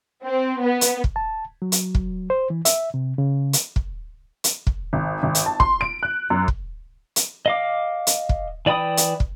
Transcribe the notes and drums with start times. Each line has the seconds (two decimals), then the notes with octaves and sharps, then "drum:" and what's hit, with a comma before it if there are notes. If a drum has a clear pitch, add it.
0.23 C4
0.59 B3
0.81 drum: hi-hat
1.04 drum: kick
1.16 A5
1.62 F#3
1.72 drum: hi-hat
1.95 drum: kick
2.30 C5
2.50 E3
2.65 E5, drum: hi-hat
2.94 C3
3.18 C#3
3.53 drum: hi-hat
3.76 drum: kick
4.44 drum: hi-hat
4.67 drum: kick
4.93 G#1
5.23 G#1
5.35 drum: hi-hat
5.46 A5
5.60 C6, drum: kick
5.81 D7
6.03 F#6
6.30 F#2
6.48 drum: kick
7.16 drum: hi-hat
7.46 D#5 F5 D6
8.07 drum: hi-hat
8.29 drum: kick
8.66 E3 D5 G5 B5 D#6
8.97 drum: hi-hat
9.20 drum: kick